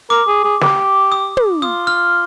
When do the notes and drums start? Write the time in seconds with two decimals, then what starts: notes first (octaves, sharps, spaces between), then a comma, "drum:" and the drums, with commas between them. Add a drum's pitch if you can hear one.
0.10 A#4 D6
0.27 G#4
0.44 G#4
0.61 G4, drum: snare
1.12 D#6
1.37 drum: tom
1.62 F4 D#6
1.87 F6